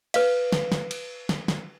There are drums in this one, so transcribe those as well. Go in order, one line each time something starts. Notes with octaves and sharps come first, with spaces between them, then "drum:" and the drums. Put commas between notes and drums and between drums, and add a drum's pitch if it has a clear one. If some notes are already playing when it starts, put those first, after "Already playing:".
B4 F5, drum: cymbal
drum: snare
drum: snare
drum: cymbal
drum: snare
drum: snare